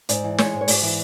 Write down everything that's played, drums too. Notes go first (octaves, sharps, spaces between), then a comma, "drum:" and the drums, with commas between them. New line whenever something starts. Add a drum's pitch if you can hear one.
G#2 D5, drum: hi-hat
E3
G#3 C#5, drum: snare
G#2
C#5
G#2 D5, drum: open hi-hat
E3